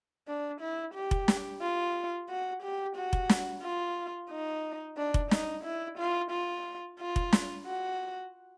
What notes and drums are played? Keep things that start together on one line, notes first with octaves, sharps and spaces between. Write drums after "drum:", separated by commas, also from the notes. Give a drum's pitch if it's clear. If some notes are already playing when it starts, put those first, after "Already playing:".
D4
E4
G4
drum: kick F1
drum: snare
F4
F#4
G4
F#4
drum: kick F1
drum: snare
F4
D#4
D4
drum: kick F1
D#4, drum: snare
E4
F4
F4
F4
drum: kick F1
drum: snare
F#4